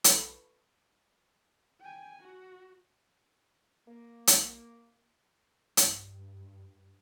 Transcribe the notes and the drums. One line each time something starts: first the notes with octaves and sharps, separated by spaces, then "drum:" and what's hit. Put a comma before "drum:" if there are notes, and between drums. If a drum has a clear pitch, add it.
F4 A4 B4 C#6, drum: hi-hat
G5 G#5
F#4
A#3
drum: hi-hat
G2, drum: hi-hat